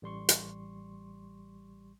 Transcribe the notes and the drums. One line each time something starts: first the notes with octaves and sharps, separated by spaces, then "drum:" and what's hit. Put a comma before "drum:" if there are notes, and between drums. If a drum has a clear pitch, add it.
A1 G3 C6 C#6
drum: hi-hat